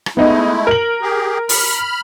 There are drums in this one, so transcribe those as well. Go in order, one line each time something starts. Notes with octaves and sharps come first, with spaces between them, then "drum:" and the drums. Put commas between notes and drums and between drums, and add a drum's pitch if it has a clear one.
drum: rim click
G#3 A3 B3 D#4 E4
A#4 F#7
G4 G#4
B5 F6, drum: open hi-hat